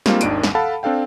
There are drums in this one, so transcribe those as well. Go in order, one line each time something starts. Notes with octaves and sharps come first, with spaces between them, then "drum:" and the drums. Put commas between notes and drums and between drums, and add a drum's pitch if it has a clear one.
G3 G#3 A#3 C4 D4 F4, drum: snare
G#1 D#2 D#3 D4 D7 D#7, drum: hi-hat
drum: snare
A4 F5 F#5 A5 B5
C4 D4 A4 F5 G5